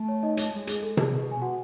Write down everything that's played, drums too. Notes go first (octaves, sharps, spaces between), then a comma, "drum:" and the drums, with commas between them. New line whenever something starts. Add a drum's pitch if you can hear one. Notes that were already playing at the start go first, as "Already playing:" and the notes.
Already playing: A3
C#5
D#4 D#5
C#5, drum: hi-hat
G#3
G#4, drum: hi-hat
A4
G#4, drum: tom C3
B2
G#5
F#4 F#5